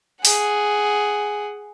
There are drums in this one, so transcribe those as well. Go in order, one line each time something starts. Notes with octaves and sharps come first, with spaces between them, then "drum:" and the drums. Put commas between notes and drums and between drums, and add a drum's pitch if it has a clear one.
G#4 F#5, drum: open hi-hat